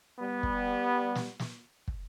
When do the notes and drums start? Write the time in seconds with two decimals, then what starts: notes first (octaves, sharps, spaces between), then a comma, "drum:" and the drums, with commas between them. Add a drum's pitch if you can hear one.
0.19 G3 B3
0.43 drum: kick
1.15 drum: snare
1.39 drum: snare
1.88 drum: kick